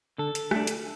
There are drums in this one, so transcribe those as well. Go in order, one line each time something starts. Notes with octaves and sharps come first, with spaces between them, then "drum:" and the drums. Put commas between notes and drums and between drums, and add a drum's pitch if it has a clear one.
D3 A4
drum: hi-hat
A3 D4, drum: rim click
drum: hi-hat